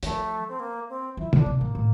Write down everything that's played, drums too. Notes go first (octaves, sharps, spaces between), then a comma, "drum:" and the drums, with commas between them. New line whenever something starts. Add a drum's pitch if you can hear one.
F3 A3, drum: hi-hat
C4
A#3
C4
F3 E4
E3, drum: tom
D4
C3
A#2 A#3
A2